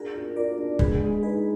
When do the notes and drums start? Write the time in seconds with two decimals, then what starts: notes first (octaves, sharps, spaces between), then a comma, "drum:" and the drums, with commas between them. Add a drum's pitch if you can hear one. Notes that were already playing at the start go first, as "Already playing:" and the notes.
Already playing: D4 F4 F#4 G#4 A#4
0.15 D4
0.36 F4 A#4 D5
0.59 D4
0.79 G#3 G#4 B4, drum: kick
1.02 G#3
1.23 D#4 G#4 B4